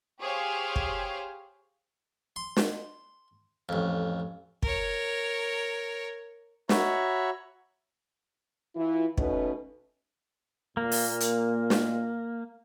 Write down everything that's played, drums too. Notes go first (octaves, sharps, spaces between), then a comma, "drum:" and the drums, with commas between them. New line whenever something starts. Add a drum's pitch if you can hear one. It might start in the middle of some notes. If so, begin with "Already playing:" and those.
G4 G#4 C5 C#5 F5
drum: kick
C6
drum: snare
A1 F2
A#4 C#5, drum: kick
F#4 C#5 E5 A#5 B5 C#6, drum: snare
E3 E4 F4
B2 A3 B3 C#4 D#4 B4, drum: kick
A#2 A#3
drum: open hi-hat
drum: hi-hat
drum: snare